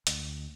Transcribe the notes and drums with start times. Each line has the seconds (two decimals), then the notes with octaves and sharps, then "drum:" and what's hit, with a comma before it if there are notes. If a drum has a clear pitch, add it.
0.07 D2, drum: hi-hat